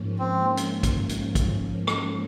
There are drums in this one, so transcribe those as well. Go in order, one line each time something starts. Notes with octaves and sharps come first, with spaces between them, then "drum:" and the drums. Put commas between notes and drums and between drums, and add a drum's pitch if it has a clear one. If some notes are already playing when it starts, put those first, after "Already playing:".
Already playing: G#2 F3 A#3 C#4
C4
drum: hi-hat
drum: kick, hi-hat
drum: hi-hat
drum: kick, hi-hat
drum: rim click